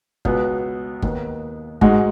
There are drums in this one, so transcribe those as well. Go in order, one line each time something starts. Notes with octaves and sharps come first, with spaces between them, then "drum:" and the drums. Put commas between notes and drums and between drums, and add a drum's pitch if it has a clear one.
C#2 B2 B3, drum: kick G1
D#2 D#3 B3, drum: kick G1
G#2 G#3 D#4 F#4, drum: kick G1